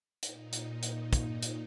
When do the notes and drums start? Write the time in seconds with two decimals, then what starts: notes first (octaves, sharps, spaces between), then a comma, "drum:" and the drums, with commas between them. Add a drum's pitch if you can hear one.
0.23 A#2 D#4, drum: hi-hat
0.53 drum: hi-hat
0.83 drum: hi-hat
1.13 drum: kick, hi-hat
1.43 drum: hi-hat